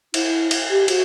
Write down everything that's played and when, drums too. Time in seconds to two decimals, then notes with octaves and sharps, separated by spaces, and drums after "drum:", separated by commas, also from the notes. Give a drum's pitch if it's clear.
0.14 E4, drum: cymbal
0.51 drum: cymbal
0.70 G4
0.88 F#4, drum: cymbal